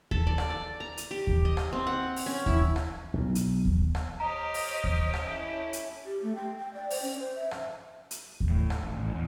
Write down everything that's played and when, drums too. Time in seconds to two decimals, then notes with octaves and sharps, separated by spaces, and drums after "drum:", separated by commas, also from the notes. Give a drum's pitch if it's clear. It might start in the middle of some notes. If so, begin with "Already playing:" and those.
0.11 A4, drum: kick D#2
0.27 D5
0.38 drum: rim click
0.50 D5
0.80 A#5
0.97 drum: hi-hat
1.11 G4
1.27 drum: kick D#2
1.45 D#5
1.57 drum: rim click
1.73 C4
1.87 F#5
2.16 drum: open hi-hat
2.26 C#4
2.46 E4, drum: kick D#2
2.76 drum: rim click
3.14 B1
3.35 drum: hi-hat
3.65 drum: kick D#2
3.95 drum: rim click
4.20 G4 C5 C#5 D#5 A#5 F6
4.54 drum: open hi-hat
4.84 drum: kick D#2
5.14 drum: rim click
5.25 C#4 E4 A4
5.73 drum: hi-hat
6.06 G4
6.22 A3
6.35 G5
6.59 G5
6.74 D5
6.90 C5, drum: open hi-hat
7.02 C#4
7.19 C5
7.35 E5
7.51 drum: rim click
8.11 drum: hi-hat
8.40 drum: kick D#2
8.51 A2
8.70 drum: rim click
8.83 A1
8.96 A1
9.13 E2